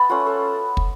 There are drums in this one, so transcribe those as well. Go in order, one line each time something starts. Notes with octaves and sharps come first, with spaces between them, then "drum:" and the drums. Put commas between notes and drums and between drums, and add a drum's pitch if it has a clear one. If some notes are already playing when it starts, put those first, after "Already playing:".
Already playing: B3 B4 A5 B5
A3 C#4 F4 F#5
A4
drum: kick